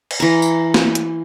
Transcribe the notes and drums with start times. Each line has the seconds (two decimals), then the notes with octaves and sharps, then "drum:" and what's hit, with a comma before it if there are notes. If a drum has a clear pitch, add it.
0.11 drum: cymbal
0.20 E3 A#5
0.42 drum: tambourine
0.74 drum: snare A#3
0.95 drum: hi-hat